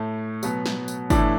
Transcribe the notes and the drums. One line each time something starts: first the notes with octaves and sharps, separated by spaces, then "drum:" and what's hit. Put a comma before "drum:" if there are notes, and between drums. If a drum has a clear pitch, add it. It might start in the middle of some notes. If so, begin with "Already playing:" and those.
Already playing: A2 A3
B2 F#3 B3, drum: tambourine
drum: snare
drum: tambourine
A2 E3 A3 D4, drum: kick G1, tambourine